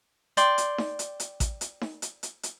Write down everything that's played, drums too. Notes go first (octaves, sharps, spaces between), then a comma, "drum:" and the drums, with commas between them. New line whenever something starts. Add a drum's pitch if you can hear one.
D5 G5 C6, drum: hi-hat
drum: hi-hat
drum: snare D#4
drum: hi-hat
drum: hi-hat
drum: kick A1, hi-hat
drum: hi-hat
drum: snare D#4
drum: hi-hat
drum: hi-hat
drum: hi-hat